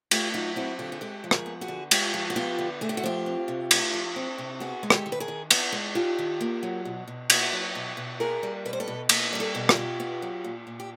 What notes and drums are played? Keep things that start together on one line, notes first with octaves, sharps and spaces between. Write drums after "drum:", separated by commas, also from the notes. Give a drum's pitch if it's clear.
A3 F4 G4, drum: cymbal
F#3 D#4 F4
C4 E4 F#4
D3 F4 G4
G#4
G#3 G4 A4
F3
G#4 A#4, drum: rim click
B3
F#4 G#4
D3
G#3 F4 G4, drum: cymbal
F3
F#4
B3 F4 G4
D3
A3 G#4
G4
F#4
F3 F4 G4
C4
C3
A3, drum: cymbal
F3
C4
C3
B3 F#4 G#4
G#3
G4 A4, drum: rim click
D#3
B4
G#4 A#4
D#3
B3, drum: cymbal
G#3
D#3 F4 G4
D#3
A#3
F#3
B2
B2
A#3 E4 F#4, drum: cymbal
F#3
B2
B2
A#3 G#4 A#4
G3
B2 B4
C5
A4 B4
B2
A#3, drum: cymbal
G3 A#4
G4 A4
B2
F4 G4, drum: rim click
B2
B3
F#3
A#2
A#2
G4